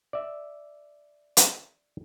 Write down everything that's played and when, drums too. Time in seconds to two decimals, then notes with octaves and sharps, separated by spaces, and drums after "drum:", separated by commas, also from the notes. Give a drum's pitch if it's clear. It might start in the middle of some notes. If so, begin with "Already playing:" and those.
0.13 D5 E5
1.37 drum: hi-hat